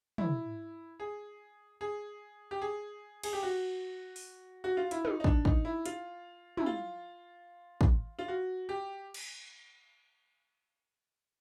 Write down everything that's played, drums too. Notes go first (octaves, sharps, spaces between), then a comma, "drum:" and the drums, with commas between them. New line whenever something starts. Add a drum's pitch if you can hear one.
E4, drum: tom
G#4
G#4
G4
G#4
G#4, drum: cymbal
G4
F#4
drum: open hi-hat
F#4
F4
E4, drum: hi-hat
D#4, drum: tom
D#4
D4, drum: kick
D#4, drum: kick
E4
F4, drum: hi-hat
E4, drum: tom
F4
drum: kick
F4
F#4
G4
drum: cymbal